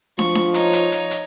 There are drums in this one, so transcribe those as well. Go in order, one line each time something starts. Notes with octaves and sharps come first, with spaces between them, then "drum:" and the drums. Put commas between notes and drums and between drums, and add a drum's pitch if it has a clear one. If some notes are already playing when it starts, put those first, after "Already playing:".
F3 C#6, drum: snare
drum: snare
D#4 C#5, drum: hi-hat
drum: hi-hat
drum: hi-hat
drum: hi-hat